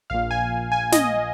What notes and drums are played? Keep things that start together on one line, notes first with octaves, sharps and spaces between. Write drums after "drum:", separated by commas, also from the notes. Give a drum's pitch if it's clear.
A#1 A#2 F5
G#5
G#5
D#5, drum: snare